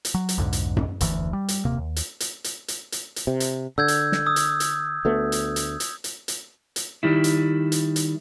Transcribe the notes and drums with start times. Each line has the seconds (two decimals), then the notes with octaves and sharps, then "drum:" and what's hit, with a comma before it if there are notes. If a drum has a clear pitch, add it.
0.05 drum: hi-hat
0.14 F#3
0.29 drum: hi-hat
0.38 B1 F2 G#2 D3
0.53 drum: hi-hat
0.77 drum: tom F#2
1.01 F1 D2 E3, drum: hi-hat
1.33 G3
1.48 drum: hi-hat
1.65 D#1 C3 A#3
1.78 D#2
1.96 drum: hi-hat
2.20 drum: hi-hat
2.44 drum: hi-hat
2.68 drum: hi-hat
2.92 drum: hi-hat
3.16 drum: hi-hat
3.27 C3
3.40 drum: hi-hat
3.78 D3 E6 G6 G#6
3.88 drum: hi-hat
4.12 drum: snare
4.26 D#6 E6
4.36 drum: hi-hat
4.60 drum: hi-hat
5.05 D2 A3 B3
5.32 drum: hi-hat
5.56 drum: hi-hat
5.80 drum: hi-hat
6.04 drum: hi-hat
6.28 drum: hi-hat
6.76 drum: hi-hat
7.03 D#3 G3 E4
7.24 drum: hi-hat
7.72 drum: hi-hat
7.96 drum: hi-hat